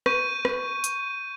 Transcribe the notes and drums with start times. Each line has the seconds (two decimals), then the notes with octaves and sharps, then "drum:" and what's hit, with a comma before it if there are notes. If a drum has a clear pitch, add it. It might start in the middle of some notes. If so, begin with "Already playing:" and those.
0.06 C#6 G6 D#7, drum: rim click
0.45 drum: rim click
0.84 drum: hi-hat